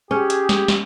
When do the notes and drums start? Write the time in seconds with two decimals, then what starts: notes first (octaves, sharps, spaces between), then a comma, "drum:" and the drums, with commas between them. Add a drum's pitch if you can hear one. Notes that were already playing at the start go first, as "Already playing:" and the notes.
0.11 C#4 G4 G#4
0.30 drum: hi-hat
0.49 drum: snare
0.68 drum: snare